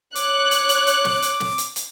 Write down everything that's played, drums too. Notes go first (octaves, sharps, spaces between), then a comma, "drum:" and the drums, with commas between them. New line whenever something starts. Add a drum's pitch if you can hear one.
C#5 D6 F#6, drum: hi-hat
drum: hi-hat
drum: hi-hat
drum: hi-hat
drum: snare
drum: hi-hat
drum: snare
drum: hi-hat
drum: hi-hat